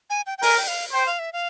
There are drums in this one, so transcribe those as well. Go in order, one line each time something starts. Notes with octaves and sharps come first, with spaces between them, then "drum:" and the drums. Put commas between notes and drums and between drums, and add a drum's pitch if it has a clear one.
G#5
G5
G5
A#4 G#5, drum: open hi-hat
G5
F5
C5 G5
F5
E5
F5